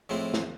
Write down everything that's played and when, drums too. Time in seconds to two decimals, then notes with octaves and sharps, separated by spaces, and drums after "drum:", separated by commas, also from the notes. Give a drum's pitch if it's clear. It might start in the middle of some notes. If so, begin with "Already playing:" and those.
0.09 A2 F3 G#3 C4 E4
0.34 drum: snare